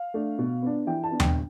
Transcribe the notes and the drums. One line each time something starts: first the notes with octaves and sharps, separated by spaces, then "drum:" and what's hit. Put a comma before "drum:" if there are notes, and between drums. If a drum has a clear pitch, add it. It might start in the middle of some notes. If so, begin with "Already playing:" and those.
Already playing: F5
A3 D4
B2
B3 D4
E3 G5
A5
B3 D4
G5, drum: tom D#2